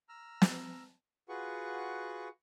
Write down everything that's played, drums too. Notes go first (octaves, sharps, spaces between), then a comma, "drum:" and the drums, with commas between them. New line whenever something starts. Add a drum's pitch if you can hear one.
A#5 E6 F6
drum: snare
F4 F#4 G#4 B4 F#5 C#6